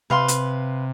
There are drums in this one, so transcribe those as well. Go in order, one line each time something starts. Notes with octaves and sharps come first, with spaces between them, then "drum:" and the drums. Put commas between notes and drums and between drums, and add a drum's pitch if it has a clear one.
C3 B4 F5 C6
drum: hi-hat